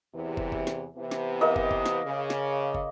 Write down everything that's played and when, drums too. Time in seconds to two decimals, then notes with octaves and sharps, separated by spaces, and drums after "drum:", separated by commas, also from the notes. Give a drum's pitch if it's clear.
0.14 E2 C3 E3
0.37 drum: kick
0.52 drum: kick
0.67 drum: snare
0.96 C3 E3 B3
1.11 drum: snare
1.41 A#3 D#5
1.56 drum: kick
1.71 drum: kick
1.86 drum: snare
2.05 C#3
2.30 drum: snare
2.75 drum: kick